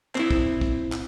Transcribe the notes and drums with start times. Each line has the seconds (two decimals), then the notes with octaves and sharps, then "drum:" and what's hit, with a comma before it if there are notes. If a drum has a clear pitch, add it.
0.15 C4 E4, drum: clap
0.31 drum: kick
0.61 drum: kick
0.92 drum: clap